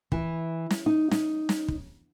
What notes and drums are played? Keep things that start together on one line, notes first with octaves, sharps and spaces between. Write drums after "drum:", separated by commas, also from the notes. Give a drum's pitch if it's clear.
E3, drum: kick
drum: snare
D#4
D#4, drum: snare
drum: snare
drum: kick